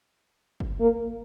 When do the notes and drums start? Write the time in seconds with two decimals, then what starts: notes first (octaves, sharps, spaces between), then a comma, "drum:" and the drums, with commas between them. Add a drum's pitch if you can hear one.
0.60 drum: kick
0.80 A#3